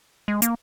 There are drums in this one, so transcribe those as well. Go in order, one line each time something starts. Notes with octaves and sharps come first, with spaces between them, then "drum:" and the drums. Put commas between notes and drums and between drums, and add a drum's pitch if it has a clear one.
G#3
A#3, drum: hi-hat